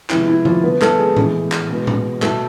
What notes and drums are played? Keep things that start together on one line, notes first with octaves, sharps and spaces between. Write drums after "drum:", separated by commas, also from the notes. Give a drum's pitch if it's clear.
C3 F3 G#3 B3 E4, drum: clap
E4
F3 F4, drum: tom C#3
D3 A3 B3 B4
A3 A4, drum: clap
G#3 G#4
A2 E3 B3, drum: tom A2
drum: clap
B2 G#3 B3
drum: tom A2
B2 A3 A4, drum: clap